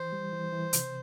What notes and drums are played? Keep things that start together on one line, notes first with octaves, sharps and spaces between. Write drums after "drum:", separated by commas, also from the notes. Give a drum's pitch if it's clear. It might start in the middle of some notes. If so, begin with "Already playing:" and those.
Already playing: E3 C5
G3
E3
E3
C3, drum: hi-hat